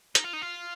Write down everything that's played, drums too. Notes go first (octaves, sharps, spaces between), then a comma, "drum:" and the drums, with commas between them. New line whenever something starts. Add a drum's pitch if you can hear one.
D#4, drum: hi-hat
F4
D#4
F4